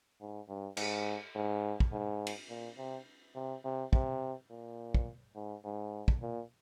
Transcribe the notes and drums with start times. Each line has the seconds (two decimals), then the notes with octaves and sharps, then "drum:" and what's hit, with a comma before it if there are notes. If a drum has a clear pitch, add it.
0.20 G#2
0.49 G2
0.77 G#2, drum: cymbal
1.35 G#2
1.80 drum: kick
1.92 G#2
2.27 drum: cymbal
2.49 A#2
2.78 C3
3.35 C3
3.64 C3
3.93 C3, drum: kick
4.50 A#2
4.94 drum: kick
5.35 G#2
5.65 G#2
6.08 drum: kick
6.22 A#2